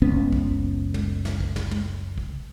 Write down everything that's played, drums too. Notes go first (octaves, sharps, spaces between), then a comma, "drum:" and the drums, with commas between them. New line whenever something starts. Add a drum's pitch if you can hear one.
F#1 C#2 B3 C#4
drum: kick
drum: tom
drum: snare
drum: kick
drum: snare
drum: tom
drum: kick